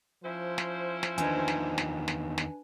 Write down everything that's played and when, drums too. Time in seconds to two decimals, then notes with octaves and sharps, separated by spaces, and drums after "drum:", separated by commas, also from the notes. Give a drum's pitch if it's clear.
0.23 F3 C#4 E4 C5
0.58 drum: snare
1.03 drum: snare
1.18 E2 D#3 D4 D#4 B4 G#5, drum: hi-hat
1.48 drum: snare
1.78 drum: snare
2.08 drum: snare
2.38 drum: snare